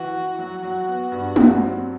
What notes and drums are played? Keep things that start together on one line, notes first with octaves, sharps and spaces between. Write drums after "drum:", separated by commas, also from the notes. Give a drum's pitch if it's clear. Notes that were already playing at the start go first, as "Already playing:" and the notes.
Already playing: E3 F#4
E3
F#3 F#4
F#3
B3
G2
F#3, drum: tom G#3
C4